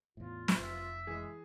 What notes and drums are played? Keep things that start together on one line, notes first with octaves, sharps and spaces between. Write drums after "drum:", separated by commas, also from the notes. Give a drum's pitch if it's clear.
E2 A2 F4
drum: snare
F1 E5
E3 G#3 G#4